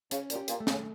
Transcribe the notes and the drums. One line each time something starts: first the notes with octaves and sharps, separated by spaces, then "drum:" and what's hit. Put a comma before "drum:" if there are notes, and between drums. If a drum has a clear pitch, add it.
C#3 C#4, drum: hi-hat
A#2, drum: hi-hat
G4
A#2, drum: hi-hat
A3
C#3, drum: snare